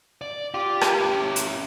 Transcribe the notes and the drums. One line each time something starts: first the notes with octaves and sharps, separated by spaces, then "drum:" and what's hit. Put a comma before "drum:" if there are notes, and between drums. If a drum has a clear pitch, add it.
D5
F4 G4
drum: rim click
C#4 E4
drum: hi-hat